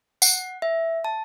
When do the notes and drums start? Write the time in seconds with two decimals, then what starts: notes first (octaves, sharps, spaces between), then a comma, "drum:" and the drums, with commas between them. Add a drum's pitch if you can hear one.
0.22 F#5, drum: tambourine
0.62 E5
1.05 A5